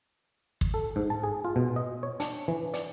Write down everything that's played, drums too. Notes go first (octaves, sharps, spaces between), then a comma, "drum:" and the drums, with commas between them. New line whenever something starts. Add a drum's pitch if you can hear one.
drum: kick
A4
G#2
A5
G#4
F4
B2
D#5
C#5
D4, drum: hi-hat
E3
D5, drum: hi-hat